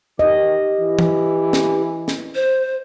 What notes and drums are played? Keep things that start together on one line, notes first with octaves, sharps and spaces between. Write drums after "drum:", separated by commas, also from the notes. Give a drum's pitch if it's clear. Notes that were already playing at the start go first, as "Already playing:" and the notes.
D#3 G4 D#5
E3
drum: tom E3
drum: snare
drum: snare
C5